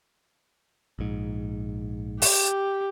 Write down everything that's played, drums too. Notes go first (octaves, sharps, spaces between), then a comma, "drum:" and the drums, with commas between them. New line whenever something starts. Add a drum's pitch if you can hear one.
A#1 G#2
G4, drum: open hi-hat